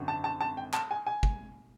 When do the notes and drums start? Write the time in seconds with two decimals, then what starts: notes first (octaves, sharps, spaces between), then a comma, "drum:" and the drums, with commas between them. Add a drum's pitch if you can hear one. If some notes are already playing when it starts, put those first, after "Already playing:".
Already playing: G#1 F#2 D3
0.08 A5
0.24 A5
0.41 A5
0.57 G5
0.73 A5, drum: clap
0.91 G#5
1.06 G#5
1.23 drum: kick